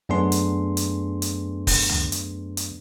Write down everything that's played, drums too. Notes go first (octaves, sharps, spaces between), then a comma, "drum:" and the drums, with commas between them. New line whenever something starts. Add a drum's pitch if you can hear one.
F#2 A3 B3 D4 G#4 C6
drum: hi-hat
drum: hi-hat
drum: hi-hat
drum: kick, open hi-hat
drum: tom C#2
drum: hi-hat
drum: hi-hat